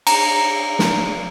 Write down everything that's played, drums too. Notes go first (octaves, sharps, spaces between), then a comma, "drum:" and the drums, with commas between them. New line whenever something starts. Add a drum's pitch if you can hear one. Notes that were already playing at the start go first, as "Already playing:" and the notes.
A#5, drum: cymbal
drum: snare